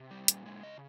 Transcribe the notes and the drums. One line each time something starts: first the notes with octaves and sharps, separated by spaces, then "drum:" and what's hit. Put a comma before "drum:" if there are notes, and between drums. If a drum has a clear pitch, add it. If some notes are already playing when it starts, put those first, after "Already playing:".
Already playing: C3
G3
A#2, drum: hi-hat
G#3
C#3 D#5